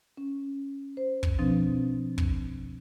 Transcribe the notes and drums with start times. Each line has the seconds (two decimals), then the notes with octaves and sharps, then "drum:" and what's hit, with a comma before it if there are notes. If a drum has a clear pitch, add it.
0.17 C#4
0.97 C5
1.23 drum: kick
1.39 B2 F3 C4 D4
2.18 drum: kick